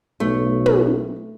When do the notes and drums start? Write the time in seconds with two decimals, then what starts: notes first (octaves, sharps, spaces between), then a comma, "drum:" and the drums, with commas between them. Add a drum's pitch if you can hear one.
0.20 B1 A3
0.66 drum: tom